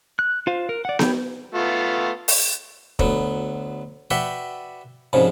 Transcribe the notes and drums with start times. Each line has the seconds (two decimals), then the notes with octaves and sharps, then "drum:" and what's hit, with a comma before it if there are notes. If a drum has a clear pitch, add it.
0.19 F#6
0.47 F4 C5 F5
0.69 A#4
0.85 D5 F#5
0.99 C#5 G5 B5 G6, drum: snare B3
1.54 A3 B3 F4
2.28 drum: open hi-hat
2.99 D2 F#3 B3, drum: kick
4.11 F#4 B4 D5 E5 F#5 G5
5.13 C2 G#2 C#3 F3